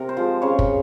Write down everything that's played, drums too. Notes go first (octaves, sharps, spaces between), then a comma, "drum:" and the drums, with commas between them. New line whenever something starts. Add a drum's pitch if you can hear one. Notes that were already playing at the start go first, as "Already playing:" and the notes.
Already playing: C3 A#4
C5
F3 G#3
C#3 C#5
drum: kick